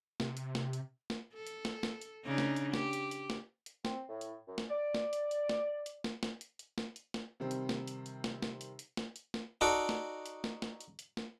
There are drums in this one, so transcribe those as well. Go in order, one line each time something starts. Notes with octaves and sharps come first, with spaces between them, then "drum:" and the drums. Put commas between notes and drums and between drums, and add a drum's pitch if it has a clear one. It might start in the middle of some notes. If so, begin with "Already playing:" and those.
C3, drum: snare
drum: hi-hat
drum: snare
drum: hi-hat
drum: snare
A4
drum: hi-hat
drum: snare
drum: snare
drum: hi-hat
C#3 D4 D#4
drum: snare
drum: hi-hat
G4, drum: snare
drum: hi-hat
drum: hi-hat
drum: snare
drum: hi-hat
C4, drum: snare
A2
drum: hi-hat
F#2
drum: snare
D5
drum: snare
drum: hi-hat
drum: hi-hat
drum: snare
drum: hi-hat
drum: snare
drum: snare
drum: hi-hat
drum: hi-hat
drum: snare
drum: hi-hat
drum: snare
C3 D#3 G3 C4
drum: hi-hat
drum: snare
drum: hi-hat
drum: hi-hat
drum: snare
drum: snare
drum: hi-hat
drum: hi-hat
drum: snare
drum: hi-hat
drum: snare
D#4 F#4 A4 D5
drum: snare
drum: hi-hat
drum: snare
drum: snare
drum: hi-hat
drum: hi-hat
drum: snare